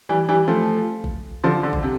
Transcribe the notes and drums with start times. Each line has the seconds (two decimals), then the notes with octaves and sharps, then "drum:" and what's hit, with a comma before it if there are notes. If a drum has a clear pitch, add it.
0.09 E3 G3
0.28 E3 G3
0.48 F3 A3
1.04 drum: kick A1
1.44 D3 F3
1.63 D3
1.73 drum: kick A1
1.83 C3